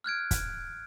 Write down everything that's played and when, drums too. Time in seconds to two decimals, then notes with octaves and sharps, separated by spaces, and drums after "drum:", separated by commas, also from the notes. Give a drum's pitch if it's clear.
0.04 F6 F#6 G#6 D7
0.31 drum: kick, hi-hat